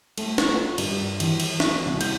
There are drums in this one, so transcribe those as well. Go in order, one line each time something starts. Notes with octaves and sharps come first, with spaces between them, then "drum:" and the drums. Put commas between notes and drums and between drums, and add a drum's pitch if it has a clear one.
A3, drum: cymbal
drum: snare
F4
G2, drum: cymbal
E3, drum: cymbal
drum: cymbal
drum: snare
C2
G6, drum: cymbal